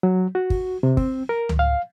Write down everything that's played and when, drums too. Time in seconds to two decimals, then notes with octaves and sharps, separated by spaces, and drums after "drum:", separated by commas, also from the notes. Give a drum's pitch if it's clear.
0.03 F#3
0.35 F#4
0.50 drum: kick
0.83 C3
0.97 C4, drum: kick
1.29 A#4
1.49 drum: tom C#2
1.59 F5